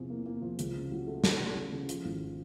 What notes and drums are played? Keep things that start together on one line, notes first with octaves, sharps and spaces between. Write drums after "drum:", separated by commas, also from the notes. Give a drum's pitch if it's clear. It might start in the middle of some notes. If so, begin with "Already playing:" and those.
Already playing: E2 C3 F3
A#3
A#3
F3
C#2, drum: hi-hat
C#3
F#3
A3
A3, drum: snare
A3
C#3
C#3
F3, drum: hi-hat
G#1